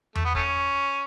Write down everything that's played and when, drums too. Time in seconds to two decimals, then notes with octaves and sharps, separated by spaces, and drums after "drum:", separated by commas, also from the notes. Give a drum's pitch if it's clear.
0.15 A3, drum: tom E2
0.25 B3
0.35 A3 C#4, drum: kick